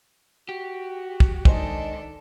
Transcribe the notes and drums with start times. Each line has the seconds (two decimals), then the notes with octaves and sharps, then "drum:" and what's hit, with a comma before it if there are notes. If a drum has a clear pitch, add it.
0.49 F#4 G4
1.20 drum: kick
1.45 D#3 G#3 D4 A4 C5 D#5, drum: kick